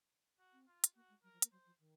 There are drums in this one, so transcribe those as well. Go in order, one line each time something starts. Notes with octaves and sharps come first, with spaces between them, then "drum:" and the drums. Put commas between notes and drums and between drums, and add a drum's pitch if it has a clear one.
F#4
C4
F4
drum: hi-hat
A#3 F#4
G#3
F#3 A#4
F3
A#3, drum: hi-hat
F#3 C5
F3
D#3